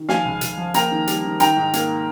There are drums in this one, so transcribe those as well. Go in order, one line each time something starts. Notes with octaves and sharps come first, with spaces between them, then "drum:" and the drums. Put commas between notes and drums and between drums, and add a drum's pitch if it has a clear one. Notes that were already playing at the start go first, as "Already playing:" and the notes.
Already playing: D#3
F3 F5 G#5, drum: snare
C#2
C#2, drum: hi-hat
F3
A#3 G5 A#5, drum: hi-hat
D#3
G3, drum: hi-hat
D#3
D#3 G5 A#5, drum: hi-hat
G#2
A#3, drum: hi-hat